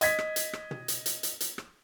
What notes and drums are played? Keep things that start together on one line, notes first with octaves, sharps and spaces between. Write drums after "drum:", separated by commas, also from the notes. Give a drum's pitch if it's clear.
D#5 G#6 B6, drum: hi-hat
drum: rim click
drum: hi-hat
drum: rim click
drum: tom
drum: hi-hat
drum: hi-hat
drum: hi-hat
drum: hi-hat
drum: rim click